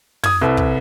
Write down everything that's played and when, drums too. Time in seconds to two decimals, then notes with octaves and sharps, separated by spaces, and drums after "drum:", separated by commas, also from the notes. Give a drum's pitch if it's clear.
0.24 D#6 G#6, drum: tom
0.41 C2 A4 B4
0.57 drum: kick